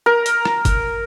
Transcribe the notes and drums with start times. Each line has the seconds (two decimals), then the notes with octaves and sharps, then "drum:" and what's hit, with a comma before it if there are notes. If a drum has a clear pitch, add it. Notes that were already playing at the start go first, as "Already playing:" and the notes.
0.06 A#4
0.26 drum: hi-hat
0.45 drum: rim click
0.65 drum: kick, hi-hat